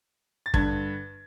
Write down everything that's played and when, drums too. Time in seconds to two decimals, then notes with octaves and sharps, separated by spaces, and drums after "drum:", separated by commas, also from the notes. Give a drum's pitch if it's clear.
0.46 A6
0.54 G2 D3 G#6, drum: kick